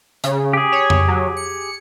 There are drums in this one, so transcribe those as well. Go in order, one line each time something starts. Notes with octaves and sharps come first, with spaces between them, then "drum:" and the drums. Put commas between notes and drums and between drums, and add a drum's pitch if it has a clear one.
C#3, drum: hi-hat
G4 G#4
C#5
drum: tom F2
F#3
C#7